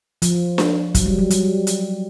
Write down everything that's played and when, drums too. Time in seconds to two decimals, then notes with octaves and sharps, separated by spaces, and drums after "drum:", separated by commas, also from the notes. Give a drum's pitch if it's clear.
0.22 F3, drum: hi-hat
0.58 drum: snare D4
0.95 F#3, drum: kick, hi-hat
1.06 G3
1.19 F#3
1.30 G3, drum: hi-hat
1.67 drum: hi-hat